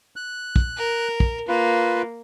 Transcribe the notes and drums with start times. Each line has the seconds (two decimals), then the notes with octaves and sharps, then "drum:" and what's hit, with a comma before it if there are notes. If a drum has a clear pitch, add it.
0.16 F#6
0.56 drum: kick
0.77 A#4
1.20 drum: kick
1.48 A#3 F4 B4